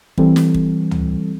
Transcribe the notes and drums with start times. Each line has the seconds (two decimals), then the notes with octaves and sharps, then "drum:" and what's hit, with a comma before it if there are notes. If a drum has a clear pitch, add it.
0.18 E3 G3 C4 A4, drum: kick
0.36 drum: snare
0.54 drum: kick
0.91 drum: tom